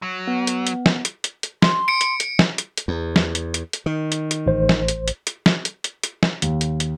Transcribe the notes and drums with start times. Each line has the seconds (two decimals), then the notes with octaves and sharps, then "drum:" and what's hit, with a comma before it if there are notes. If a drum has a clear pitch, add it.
0.02 F#3
0.27 B3
0.47 drum: hi-hat
0.67 drum: hi-hat
0.86 drum: snare
1.05 drum: hi-hat
1.24 drum: hi-hat
1.43 drum: hi-hat
1.62 C6, drum: snare
1.88 C#7 D7
2.01 drum: hi-hat
2.20 drum: hi-hat
2.39 drum: snare
2.58 drum: hi-hat
2.77 drum: hi-hat
2.88 E2
3.16 drum: snare
3.35 drum: hi-hat
3.54 drum: hi-hat
3.73 drum: hi-hat
3.86 D#3
4.12 drum: hi-hat
4.31 drum: hi-hat
4.46 A1 C5
4.69 drum: snare
4.88 drum: hi-hat
5.08 drum: hi-hat
5.27 drum: hi-hat
5.46 drum: snare
5.65 drum: hi-hat
5.84 drum: hi-hat
6.03 drum: hi-hat
6.23 drum: snare
6.42 D#2, drum: hi-hat
6.61 drum: hi-hat
6.80 drum: hi-hat